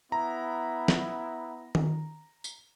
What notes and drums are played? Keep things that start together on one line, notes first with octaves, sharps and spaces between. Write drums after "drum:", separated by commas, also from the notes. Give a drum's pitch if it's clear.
B3 E4 A#5
drum: snare
drum: tom D#3
drum: tambourine